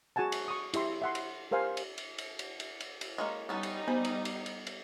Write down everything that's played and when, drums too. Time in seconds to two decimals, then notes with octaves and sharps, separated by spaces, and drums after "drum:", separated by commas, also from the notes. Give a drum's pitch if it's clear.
0.16 F#4 G#4 F#5 G#5 A5
0.32 drum: cymbal
0.48 C#6 D#6
0.74 E4 G4 E5 C6, drum: cymbal
1.02 E5 F#5 C6
1.15 drum: cymbal
1.51 G4 A#4 C5 F5 G#5
1.77 drum: cymbal
1.98 drum: cymbal
2.18 drum: cymbal
2.39 drum: cymbal
2.60 drum: cymbal
2.80 drum: cymbal
3.01 drum: cymbal
3.18 G#3 A#3 C#4
3.49 G3 B3 C#4 D#4 A4
3.63 drum: cymbal
3.88 B3 C5 B5
4.05 drum: cymbal
4.25 drum: cymbal
4.46 drum: cymbal
4.67 drum: cymbal